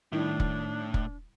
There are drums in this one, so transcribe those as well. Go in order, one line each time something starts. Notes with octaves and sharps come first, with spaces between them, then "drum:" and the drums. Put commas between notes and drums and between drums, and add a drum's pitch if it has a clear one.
A2 D#3 G3 D4 E4
drum: kick
drum: kick